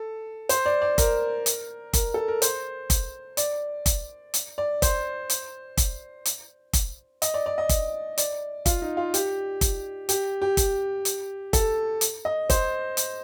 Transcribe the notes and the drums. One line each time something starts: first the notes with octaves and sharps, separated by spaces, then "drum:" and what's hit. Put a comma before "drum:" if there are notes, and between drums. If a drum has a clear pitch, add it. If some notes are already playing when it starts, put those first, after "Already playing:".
Already playing: A4
C5, drum: hi-hat
D5
D5
A#4, drum: kick, hi-hat
drum: hi-hat
A#4, drum: kick, hi-hat
A4
A#4
C5, drum: hi-hat
drum: kick, hi-hat
D5, drum: hi-hat
drum: kick, hi-hat
drum: hi-hat
D5
C5, drum: kick, hi-hat
drum: hi-hat
drum: kick, hi-hat
drum: hi-hat
drum: kick, hi-hat
D#5, drum: hi-hat
D5
D5
D#5
drum: kick, hi-hat
D5, drum: hi-hat
F4, drum: kick, hi-hat
D#4
F4
G4, drum: hi-hat
drum: kick, hi-hat
G4, drum: hi-hat
G4
drum: kick, hi-hat
drum: hi-hat
A4, drum: kick, hi-hat
drum: hi-hat
D#5
C5, drum: kick, hi-hat
drum: hi-hat